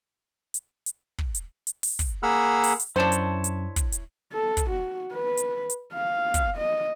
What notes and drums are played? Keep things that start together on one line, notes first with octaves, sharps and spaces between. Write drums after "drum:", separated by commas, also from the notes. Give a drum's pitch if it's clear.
drum: hi-hat
drum: hi-hat
drum: kick
drum: hi-hat
drum: hi-hat
drum: open hi-hat
drum: kick, hi-hat
A#3 G#4 F#5 B5 E6 F6
drum: open hi-hat
drum: hi-hat
F#2 D4 E4 C5 C#5 A5
drum: hi-hat
drum: hi-hat
drum: kick, hi-hat
drum: hi-hat
A4
drum: kick, hi-hat
F#4
B4
drum: hi-hat
drum: hi-hat
F5
drum: kick, hi-hat
D#5